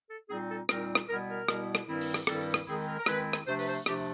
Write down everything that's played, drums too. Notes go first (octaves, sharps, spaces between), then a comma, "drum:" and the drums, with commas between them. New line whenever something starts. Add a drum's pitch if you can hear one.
A4
A#2 G3 C4 D#4 G#4
A4
A#2 G3 C4 D#4 A#4, drum: rim click
drum: rim click
B2 G3 B3 E4 A#4
A#4
B2 G3 B3 E4, drum: rim click
drum: rim click
G2 D#3 G3 C4 E4
drum: open hi-hat
drum: rim click
G2 D#3 G3 C4 E4 A4, drum: rim click
drum: rim click
D#3 G#3 C4 E4 G#4
A#4
A#4
D#3 G#3 C4 E4 B4, drum: rim click
drum: rim click
C3 F3 A3 D4 C5
B4, drum: open hi-hat
C5
C3 F3 A3 D4 G4, drum: rim click